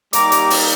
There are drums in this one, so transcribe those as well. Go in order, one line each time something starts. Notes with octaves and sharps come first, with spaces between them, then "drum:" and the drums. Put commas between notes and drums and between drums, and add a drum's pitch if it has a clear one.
G3 A#3 D#4 G4 A#5 D6, drum: hi-hat
drum: hi-hat
drum: open hi-hat